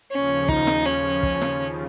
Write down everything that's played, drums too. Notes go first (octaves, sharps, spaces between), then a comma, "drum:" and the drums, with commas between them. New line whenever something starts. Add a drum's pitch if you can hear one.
D#2 C#3 F3 C#4
D#4, drum: kick
drum: snare
C#4
drum: kick
drum: snare